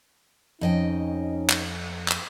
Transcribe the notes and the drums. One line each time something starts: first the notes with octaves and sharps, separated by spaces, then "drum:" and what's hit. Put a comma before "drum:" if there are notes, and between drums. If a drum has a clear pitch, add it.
F2 C#4 D#4 D#5 G5
drum: clap
drum: clap